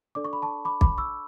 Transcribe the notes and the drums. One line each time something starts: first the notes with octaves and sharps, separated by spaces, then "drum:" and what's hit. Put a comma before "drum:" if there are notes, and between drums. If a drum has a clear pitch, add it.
D4 A4 D5 D6
C#6
B5
A5 C#6
B5 D6
B5 D6, drum: kick
C#6 E6